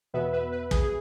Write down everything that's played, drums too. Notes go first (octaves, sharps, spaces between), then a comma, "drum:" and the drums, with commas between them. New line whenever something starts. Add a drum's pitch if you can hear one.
E2 B2 B3 B4 E5
B4 E5
B4
G#4, drum: kick
G#4